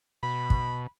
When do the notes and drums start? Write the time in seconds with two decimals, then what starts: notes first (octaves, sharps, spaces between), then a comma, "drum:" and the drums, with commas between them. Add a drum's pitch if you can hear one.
0.23 B2 B5
0.50 drum: kick